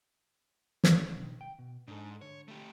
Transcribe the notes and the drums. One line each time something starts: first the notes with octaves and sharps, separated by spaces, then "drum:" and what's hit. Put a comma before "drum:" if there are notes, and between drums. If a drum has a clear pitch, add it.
drum: snare
B2 D3 D#3
G5
B2
G#2 D4 D#4 A4
D3 C#5
A3 G4